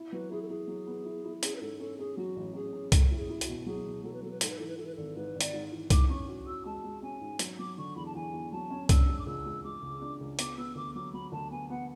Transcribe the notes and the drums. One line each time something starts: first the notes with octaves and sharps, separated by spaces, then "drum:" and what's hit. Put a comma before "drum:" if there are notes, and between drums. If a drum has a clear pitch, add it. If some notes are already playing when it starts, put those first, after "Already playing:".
Already playing: E4
F#3 B4
E4 G#4
A4
E4 G#4
F#3
B3
E4
E4
C#4 G#4, drum: hi-hat
B4
G#2 A4
C#4 A4
C#4 G#4
F#3 F#4
A1
C#4 G#4
C#4
A3, drum: kick C2, hi-hat
E4
G#4
E4
F#4, drum: hi-hat
B2
F#3 G#4
B2
F#3 A4
B4
F#3 A4
B4
G#2 A4, drum: hi-hat
B4
E3 A4
B4
E3 A4
B4
G#1 A4
G#2 B4
G#1
D5, drum: hi-hat
G#2
E3
G#2 D6, drum: kick C2, hi-hat
C#4 C#6
F#4
F#4 E6
G#3 A5
G#3
C#4 G#5
G#2
F#3, drum: hi-hat
F#3 D6
D3 C#6
E2 B5
A5
E2 G#5
E2
F#3 A5
C#4
D4 E6, drum: kick C2, hi-hat
G#3
D6
C#2 E6
G#3
G#3 D6
C#2
D4
C#2
B3 D6, drum: hi-hat
B3 E6
D2 D6
F#3 D6
F#3 B5
D2 A5
B3 G#5
B3 F#5